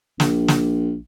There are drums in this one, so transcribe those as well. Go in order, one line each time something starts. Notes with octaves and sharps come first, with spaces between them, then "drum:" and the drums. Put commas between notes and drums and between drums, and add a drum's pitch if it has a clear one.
A#1, drum: snare
drum: snare